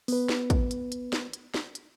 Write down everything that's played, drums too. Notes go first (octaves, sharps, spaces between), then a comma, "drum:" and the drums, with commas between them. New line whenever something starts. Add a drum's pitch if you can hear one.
B3 B4, drum: open hi-hat
drum: snare
drum: kick, hi-hat
drum: hi-hat
drum: hi-hat
drum: snare
drum: hi-hat
drum: snare
drum: hi-hat